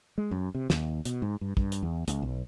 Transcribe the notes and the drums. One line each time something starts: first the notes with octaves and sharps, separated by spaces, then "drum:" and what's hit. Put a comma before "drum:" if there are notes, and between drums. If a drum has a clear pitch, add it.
G#3
F#2
C3
D#2, drum: snare
B2, drum: hi-hat
G#2
G2
G2, drum: kick
drum: hi-hat
E2
C#2, drum: hi-hat
B1